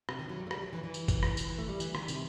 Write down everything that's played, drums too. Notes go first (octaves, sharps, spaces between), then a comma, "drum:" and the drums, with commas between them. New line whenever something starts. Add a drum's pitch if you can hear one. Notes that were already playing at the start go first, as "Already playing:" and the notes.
C3, drum: rim click
D#3
F#3
G3
A3
G3, drum: rim click
F#3
E3
E3
drum: tambourine
drum: kick G1, tambourine
drum: rim click
drum: tambourine
E3
A3
G3
E3, drum: tambourine
D#3, drum: rim click
C3, drum: tambourine